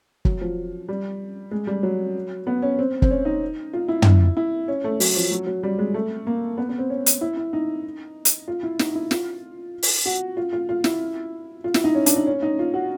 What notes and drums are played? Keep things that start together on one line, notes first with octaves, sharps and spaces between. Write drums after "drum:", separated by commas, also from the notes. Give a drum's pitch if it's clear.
F#3, drum: kick
F3
G3
G#3
G3
F#3
B3
C#4
C4
C4, drum: kick
C#4
D#4
F4
E4
drum: tom
E4
C#4
A3
F#3, drum: open hi-hat
F3
F#3
F#3
G3
G#3
A3
A#3
B3
B3
C4
C#4
drum: hi-hat
E4
E4
D#4
drum: hi-hat
F4
E4
D#4, drum: snare
E4
F4, drum: snare
drum: open hi-hat
F#4
F4
F4
F4
E4, drum: snare
F4
E4, drum: snare
D#4
C#4
D4, drum: hi-hat
D#4
C#4
D#4
F4
F#4